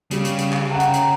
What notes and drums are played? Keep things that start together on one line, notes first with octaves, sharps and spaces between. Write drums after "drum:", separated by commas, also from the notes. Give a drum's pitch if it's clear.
C#3 G3, drum: hi-hat
drum: hi-hat
drum: hi-hat
drum: clap
F#5 G5 A#5
drum: hi-hat
drum: hi-hat